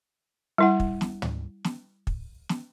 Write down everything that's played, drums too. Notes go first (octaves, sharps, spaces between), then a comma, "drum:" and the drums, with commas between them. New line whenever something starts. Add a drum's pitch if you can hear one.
G3 E4 F#5
drum: kick
drum: snare
drum: tom
drum: snare
drum: kick
drum: snare